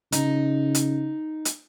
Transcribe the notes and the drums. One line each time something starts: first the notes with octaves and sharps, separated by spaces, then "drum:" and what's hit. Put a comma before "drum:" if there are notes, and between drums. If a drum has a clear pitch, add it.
C#3 D#4, drum: hi-hat
drum: hi-hat
drum: hi-hat